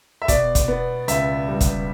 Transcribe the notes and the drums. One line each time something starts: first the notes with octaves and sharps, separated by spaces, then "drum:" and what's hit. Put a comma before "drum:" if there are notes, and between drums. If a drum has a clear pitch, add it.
E5
B2 D5, drum: kick, hi-hat
drum: kick, hi-hat
B3
C#2 E5, drum: hi-hat
G3
drum: kick, hi-hat